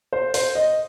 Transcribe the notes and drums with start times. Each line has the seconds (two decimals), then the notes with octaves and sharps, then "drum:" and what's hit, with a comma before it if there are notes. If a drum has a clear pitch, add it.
0.13 C5
0.34 C5, drum: open hi-hat
0.55 D#5